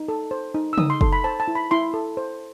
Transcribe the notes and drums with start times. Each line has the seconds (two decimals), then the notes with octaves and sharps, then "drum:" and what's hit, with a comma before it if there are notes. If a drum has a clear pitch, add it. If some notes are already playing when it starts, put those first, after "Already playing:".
Already playing: D#4
0.08 A4
0.31 C5
0.54 D#4
0.73 E6
0.78 D#4 D#6, drum: tom C#3
0.90 C6
1.01 A4 C6, drum: kick
1.13 B5
1.24 C5 A5
1.40 A5
1.48 E4
1.55 B5
1.71 E4 C6
1.94 A4
2.17 C5